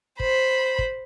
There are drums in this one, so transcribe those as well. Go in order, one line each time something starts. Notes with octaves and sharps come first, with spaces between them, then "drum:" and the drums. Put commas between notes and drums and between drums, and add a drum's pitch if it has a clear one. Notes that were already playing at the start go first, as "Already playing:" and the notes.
C5 B5, drum: kick
drum: kick